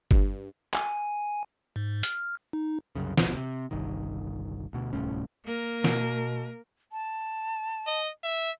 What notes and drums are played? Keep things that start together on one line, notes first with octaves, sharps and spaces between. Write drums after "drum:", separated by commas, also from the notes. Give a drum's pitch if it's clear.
G2, drum: kick G1
G#5, drum: clap
G#2
F6, drum: hi-hat
D#4
C2 F#2 C#3
D1 A#1 B2, drum: snare
C3
G1 C2 D#3
D2 B2
D1 C2 A2 C#4
A#3 A#4
B2, drum: snare
A5
D#5
E5